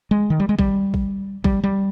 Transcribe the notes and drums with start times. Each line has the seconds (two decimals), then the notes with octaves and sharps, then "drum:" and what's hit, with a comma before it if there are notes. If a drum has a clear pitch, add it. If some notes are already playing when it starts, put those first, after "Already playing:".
0.11 G#3
0.30 D#3
0.40 G3
0.49 G#3
0.59 G3, drum: kick A1
0.94 drum: kick A1
1.44 G3, drum: kick A1
1.64 G3